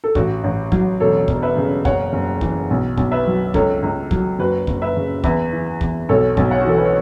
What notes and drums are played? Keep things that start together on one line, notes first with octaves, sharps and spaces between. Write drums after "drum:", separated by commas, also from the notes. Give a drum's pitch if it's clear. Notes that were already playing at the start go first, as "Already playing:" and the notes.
A4
A1 F#4, drum: kick
A1
F#3, drum: kick
E1 A4 C#5
E1, drum: kick
B4 E5
C#3
F#1 C#5 F#5, drum: kick
F#1
E3, drum: kick
B1
B1, drum: kick
B4 E5
F#3
C#2 A4 C#5, drum: kick
C#2
F#3, drum: kick
F#1 F#4 B4
F#1, drum: kick
B4 E5
C#3
E2 B4 E5, drum: kick
E3
E2, drum: kick
B1 A4 C#5
B1, drum: kick
C#5 F#5
F#4
E3 A4
B4
C#5